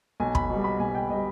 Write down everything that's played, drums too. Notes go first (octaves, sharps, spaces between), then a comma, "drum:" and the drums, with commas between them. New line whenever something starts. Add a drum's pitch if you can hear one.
B1 G#5
B5, drum: kick
B2 G3
B5
B1 G#5
G5
B2 G3 D#5